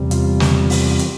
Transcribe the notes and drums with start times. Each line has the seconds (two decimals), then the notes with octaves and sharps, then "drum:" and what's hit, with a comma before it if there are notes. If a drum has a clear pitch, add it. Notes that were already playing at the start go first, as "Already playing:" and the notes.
Already playing: E2 C3 G3
0.11 F4, drum: hi-hat
0.40 drum: snare
0.70 drum: open hi-hat
0.99 drum: hi-hat